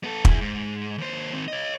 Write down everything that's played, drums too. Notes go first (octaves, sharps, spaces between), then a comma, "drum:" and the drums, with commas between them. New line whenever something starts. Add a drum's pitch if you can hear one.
B3 A4
E4 G#4, drum: kick
G#2
D#2 C5
D#3 C4
C#5 D#5